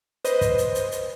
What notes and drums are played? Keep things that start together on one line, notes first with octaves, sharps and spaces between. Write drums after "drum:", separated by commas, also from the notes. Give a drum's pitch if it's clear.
B4 C5 D#5, drum: hi-hat
drum: kick, hi-hat
drum: hi-hat
drum: hi-hat
drum: hi-hat